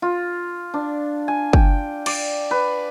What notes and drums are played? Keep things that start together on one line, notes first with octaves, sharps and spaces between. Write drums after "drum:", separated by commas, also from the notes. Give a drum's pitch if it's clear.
F4
D4
G#5
G5, drum: kick
D5, drum: cymbal
B4